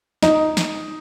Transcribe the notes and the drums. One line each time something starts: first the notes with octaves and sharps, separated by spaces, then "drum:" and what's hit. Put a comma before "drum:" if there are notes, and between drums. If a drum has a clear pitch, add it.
D#4, drum: snare
drum: snare